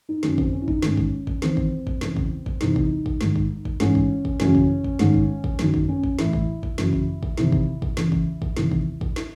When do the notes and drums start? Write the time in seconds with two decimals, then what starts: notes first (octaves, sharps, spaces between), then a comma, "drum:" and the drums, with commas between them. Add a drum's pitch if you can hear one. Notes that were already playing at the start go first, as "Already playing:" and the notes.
0.09 D#4
0.23 F#2 D#3 C#4, drum: snare
0.38 C4, drum: kick
0.53 C#4
0.61 E4
0.68 D#4, drum: kick
0.82 G#2 D#3 C#4, drum: snare
0.97 drum: kick
1.27 drum: kick
1.42 E2 D#3 C4, drum: snare
1.57 drum: kick
1.87 drum: kick
2.01 E2 C#3 E3, drum: snare
2.16 drum: kick
2.46 drum: kick
2.61 E2 C3 E3 D#4, drum: snare
2.76 drum: kick
3.06 drum: kick
3.21 G#2 D#3, drum: snare
3.36 drum: kick
3.65 drum: kick
3.80 G#2 E3 C#4, drum: snare
3.95 drum: kick
4.25 drum: kick
4.40 F#2 C#3 E3 C#4, drum: snare
4.55 drum: kick
4.84 drum: kick
4.99 G#2 D#3, drum: snare
5.14 drum: kick
5.44 drum: kick
5.59 F#2 D#3, drum: snare
5.74 drum: kick
5.89 C#4
6.04 drum: kick
6.19 A2 E3 E4, drum: snare
6.33 drum: kick
6.63 drum: kick
6.78 F#2 C#3 E3, drum: snare
6.93 drum: kick
7.23 drum: kick
7.38 E2 C3 D#3 E4, drum: snare
7.52 drum: kick
7.82 drum: kick
7.97 E2 C#3 E3, drum: snare
8.12 drum: kick
8.42 drum: kick
8.57 E2 C3 D#3 E4, drum: snare
8.71 drum: kick
9.01 drum: kick
9.16 E4, drum: snare